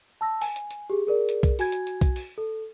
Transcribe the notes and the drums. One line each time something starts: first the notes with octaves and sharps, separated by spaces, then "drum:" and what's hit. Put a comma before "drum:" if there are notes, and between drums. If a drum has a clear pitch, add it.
A5 E6 A#6
G#5, drum: open hi-hat
drum: hi-hat
drum: hi-hat
G4 G#4
G#4 A#4 D5
drum: hi-hat
drum: kick, hi-hat
F#4 G#5 G#6, drum: open hi-hat
drum: hi-hat
drum: hi-hat
drum: kick, hi-hat
drum: open hi-hat
A4